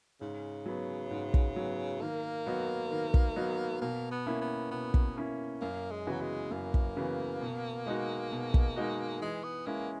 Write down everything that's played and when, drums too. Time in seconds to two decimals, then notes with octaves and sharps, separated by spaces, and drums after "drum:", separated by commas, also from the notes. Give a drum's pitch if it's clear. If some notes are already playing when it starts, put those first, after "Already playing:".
0.21 G#2 C#3
0.66 F#3 B3
1.11 G#2
1.34 drum: kick
1.56 F#3 B3
2.01 D#3 A#3
2.46 F#3 B3 D#4 F#4
2.91 D#3
3.14 drum: kick
3.36 F#3 B3 D#4 F#4
3.82 B2 A#3
4.11 B3
4.27 A#3 C#4 E4
4.41 B3
4.71 B2 B3
4.94 drum: kick
5.16 A#3 C#4 E4
5.61 F#2 A#3
5.91 G#3
6.07 C#3 E3 F#3 B3 F#4
6.21 G#3
6.51 F#2 A#3
6.74 drum: kick
6.97 C#3 E3 B3 F#4
7.42 B2
7.86 G#3 D#4 F#4
8.32 B2
8.54 drum: kick
8.76 G#3 D#4 F#4
9.21 E3 G#3
9.44 B3
9.66 G#3 A#3 C#4 E4